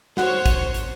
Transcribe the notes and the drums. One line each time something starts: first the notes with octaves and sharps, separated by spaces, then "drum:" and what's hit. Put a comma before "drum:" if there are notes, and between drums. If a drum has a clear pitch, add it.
F#4 C5 C#5 F#5 F#6, drum: snare
drum: kick, hi-hat
drum: hi-hat